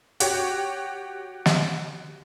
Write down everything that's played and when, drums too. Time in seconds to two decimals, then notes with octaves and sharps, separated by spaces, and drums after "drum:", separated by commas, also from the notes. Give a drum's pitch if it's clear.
0.20 F#4 G4 C#5, drum: hi-hat
1.46 drum: snare